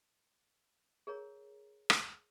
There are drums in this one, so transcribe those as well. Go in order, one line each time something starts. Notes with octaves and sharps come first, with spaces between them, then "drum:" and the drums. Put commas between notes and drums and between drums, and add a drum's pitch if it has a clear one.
G#4 A#4 C#5 A#5
drum: rim click